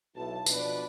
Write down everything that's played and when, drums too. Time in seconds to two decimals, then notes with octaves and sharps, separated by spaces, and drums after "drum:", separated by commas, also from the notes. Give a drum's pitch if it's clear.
0.16 B1 E4 A5
0.46 B2 F3 D4 B4 D5, drum: tambourine